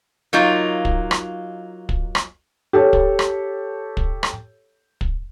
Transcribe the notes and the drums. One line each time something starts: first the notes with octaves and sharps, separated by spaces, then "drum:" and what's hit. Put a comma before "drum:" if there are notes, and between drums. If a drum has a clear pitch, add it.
F#3 A#3 D#4 F4
drum: kick
drum: rim click
drum: kick
drum: rim click
G4 A4 C#5
drum: kick
drum: rim click
drum: kick
drum: rim click
drum: kick